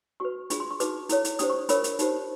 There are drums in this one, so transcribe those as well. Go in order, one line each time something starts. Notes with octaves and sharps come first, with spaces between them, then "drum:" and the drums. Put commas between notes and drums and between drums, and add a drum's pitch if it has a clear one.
F#4 B4 C#6
D4 F4 G#4 C#6, drum: hi-hat
C6
C#6
D#4 F#4 B4 D6, drum: hi-hat
E4 A4 C#5, drum: hi-hat
drum: hi-hat
D4 G4 C5 D#6, drum: hi-hat
C#6
D4 F4 A#4 C#5 B5, drum: hi-hat
drum: hi-hat
D#4 G4 C5, drum: hi-hat